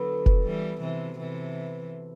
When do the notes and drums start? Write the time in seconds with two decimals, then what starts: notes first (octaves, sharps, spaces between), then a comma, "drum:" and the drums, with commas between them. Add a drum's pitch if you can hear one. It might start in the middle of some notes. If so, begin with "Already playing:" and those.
Already playing: D3 F#3 B3 F#4 A4
0.26 drum: kick F1
0.44 E3 G3
0.81 C3 E3
1.19 C3 E3